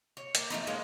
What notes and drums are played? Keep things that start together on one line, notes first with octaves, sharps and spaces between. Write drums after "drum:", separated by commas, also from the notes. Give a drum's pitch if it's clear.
C#5
A#3, drum: hi-hat
F3 A3 B3 D#4
G#3 A#3 C#4 G#4